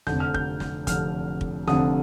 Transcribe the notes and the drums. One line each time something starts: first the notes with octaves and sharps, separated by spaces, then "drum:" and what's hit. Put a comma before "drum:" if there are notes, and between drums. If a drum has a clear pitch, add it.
F1 F2 D3 G6, drum: snare
F6
G6, drum: kick
drum: snare
F1 F2 D3 F6, drum: kick, hi-hat
drum: kick
F1 F2 D3 D#6, drum: snare